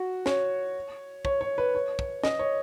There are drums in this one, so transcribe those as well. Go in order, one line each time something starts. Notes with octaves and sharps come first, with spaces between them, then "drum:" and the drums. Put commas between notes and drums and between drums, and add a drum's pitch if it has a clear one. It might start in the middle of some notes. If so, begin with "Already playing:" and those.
Already playing: F#4
C#5, drum: snare
C#5, drum: kick
C#5
B4
C#5
drum: kick
D#5, drum: snare
C#5